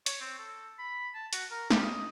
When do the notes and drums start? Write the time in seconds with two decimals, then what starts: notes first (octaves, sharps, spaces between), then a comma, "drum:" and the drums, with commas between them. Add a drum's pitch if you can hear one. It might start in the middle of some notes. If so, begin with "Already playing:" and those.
0.06 C#5, drum: hi-hat
0.21 C4
0.39 A4
0.79 B5
1.15 A5
1.33 F#4, drum: hi-hat
1.51 A#4
1.70 G4, drum: snare
1.82 D#5